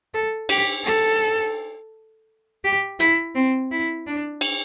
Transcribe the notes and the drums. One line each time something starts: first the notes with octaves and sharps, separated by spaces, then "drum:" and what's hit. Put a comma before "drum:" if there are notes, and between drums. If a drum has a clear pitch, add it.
A4
G4, drum: cymbal
A4
G4
E4, drum: hi-hat
C4
E4
D4
drum: cymbal